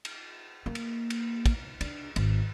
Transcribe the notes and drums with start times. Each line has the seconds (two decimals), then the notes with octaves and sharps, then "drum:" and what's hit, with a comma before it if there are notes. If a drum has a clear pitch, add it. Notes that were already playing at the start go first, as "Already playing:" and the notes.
0.05 drum: cymbal
0.66 A#3
0.75 drum: cymbal
1.10 drum: cymbal
1.46 drum: kick, cymbal
1.81 D4, drum: cymbal
2.16 G#1, drum: cymbal